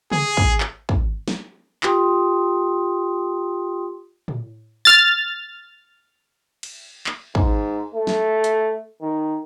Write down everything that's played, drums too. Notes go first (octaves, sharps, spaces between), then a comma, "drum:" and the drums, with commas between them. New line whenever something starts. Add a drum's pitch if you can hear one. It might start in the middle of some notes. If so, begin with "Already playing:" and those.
G#4, drum: tom
drum: kick
drum: clap
drum: kick
drum: snare
F4 G4 G5 C6 D#6, drum: clap
drum: tom
F6 A6
drum: cymbal
drum: clap
G#2, drum: kick
A3
drum: snare
drum: hi-hat
D#3